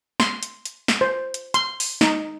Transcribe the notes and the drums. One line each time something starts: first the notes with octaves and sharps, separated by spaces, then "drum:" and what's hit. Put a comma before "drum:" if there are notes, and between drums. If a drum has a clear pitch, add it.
C6, drum: snare
drum: hi-hat
drum: hi-hat
drum: snare
C5
drum: hi-hat
C6, drum: hi-hat
drum: open hi-hat
D#4, drum: snare